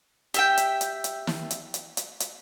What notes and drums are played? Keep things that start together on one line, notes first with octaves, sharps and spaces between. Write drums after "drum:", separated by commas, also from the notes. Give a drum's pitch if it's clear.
G4 E5 G5, drum: hi-hat
drum: hi-hat
drum: hi-hat
drum: hi-hat
drum: snare
drum: hi-hat
drum: hi-hat
drum: hi-hat
drum: hi-hat